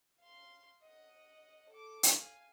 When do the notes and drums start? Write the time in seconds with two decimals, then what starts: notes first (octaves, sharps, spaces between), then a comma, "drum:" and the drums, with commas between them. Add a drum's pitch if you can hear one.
0.19 F5 C6
0.82 D#5 F#5
1.69 A4 D6
2.03 drum: hi-hat
2.15 F5 G#5